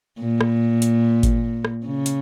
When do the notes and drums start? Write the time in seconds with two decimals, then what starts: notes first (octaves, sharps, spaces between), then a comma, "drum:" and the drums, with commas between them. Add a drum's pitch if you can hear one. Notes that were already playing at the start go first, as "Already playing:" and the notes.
0.19 A#2
0.41 drum: rim click
0.82 drum: hi-hat
1.23 drum: kick G#1, hi-hat
1.65 drum: rim click
1.86 C#3
2.06 drum: hi-hat